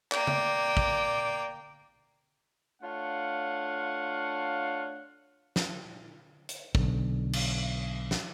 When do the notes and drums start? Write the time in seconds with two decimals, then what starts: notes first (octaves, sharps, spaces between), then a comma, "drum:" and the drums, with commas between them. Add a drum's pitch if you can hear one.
0.12 A#3 D5 G5, drum: clap
0.27 drum: tom C#3
0.77 drum: kick
2.82 A3 D4 F4 C#5 F5 F#5
5.56 drum: snare
6.49 drum: hi-hat
6.75 B1 D3, drum: kick
7.33 drum: cymbal
8.11 drum: snare